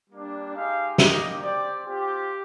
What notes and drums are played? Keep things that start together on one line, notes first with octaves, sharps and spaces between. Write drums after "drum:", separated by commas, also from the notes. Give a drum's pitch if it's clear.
G3 A#3 D4
G#3 D#4 G4 F5
A#3 D#4 G4 D#5, drum: snare
C4 G4 D5
C4 F4 G4